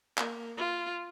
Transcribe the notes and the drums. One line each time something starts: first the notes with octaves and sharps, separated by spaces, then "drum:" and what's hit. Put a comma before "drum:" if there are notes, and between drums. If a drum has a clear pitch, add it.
A#3, drum: clap
F4